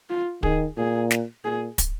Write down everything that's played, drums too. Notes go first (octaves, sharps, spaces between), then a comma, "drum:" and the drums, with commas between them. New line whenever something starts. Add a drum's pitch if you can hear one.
F4
D#3 G#4, drum: kick
A#2 G#4
drum: snare
A#2 G#4
drum: kick, hi-hat